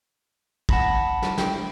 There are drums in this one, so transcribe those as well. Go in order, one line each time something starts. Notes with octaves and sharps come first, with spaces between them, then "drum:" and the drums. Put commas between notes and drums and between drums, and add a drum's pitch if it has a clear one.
F#5 A5 B5 A#6, drum: kick
drum: snare
G5, drum: snare